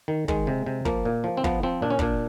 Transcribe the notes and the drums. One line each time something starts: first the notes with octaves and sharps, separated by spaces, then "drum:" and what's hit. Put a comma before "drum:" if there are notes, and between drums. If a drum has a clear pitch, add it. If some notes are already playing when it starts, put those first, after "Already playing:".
D#3
D#3 G#3, drum: kick
C3
C3
F3 A#3, drum: kick
A#2
F3
C4
F3 B3, drum: kick
F3 C4
A#2 D4
C#4
A#2 D4, drum: kick